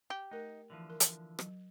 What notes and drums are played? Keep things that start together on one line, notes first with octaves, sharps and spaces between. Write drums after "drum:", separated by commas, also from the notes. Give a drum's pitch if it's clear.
G4
A3 D#4 A#4
D3 E3 F3
A#4
drum: hi-hat
F#3, drum: rim click